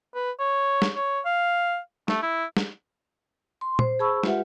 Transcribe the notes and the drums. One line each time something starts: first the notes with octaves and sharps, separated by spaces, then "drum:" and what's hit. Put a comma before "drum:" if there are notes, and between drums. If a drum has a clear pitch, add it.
B4
C#5
drum: snare
C#5
F5
A3, drum: snare
E4
drum: snare
C6
C5, drum: tom
G#4 C5 A5 B5 C#6 E6
G#3 F4 G4 B4 E5 F#5, drum: snare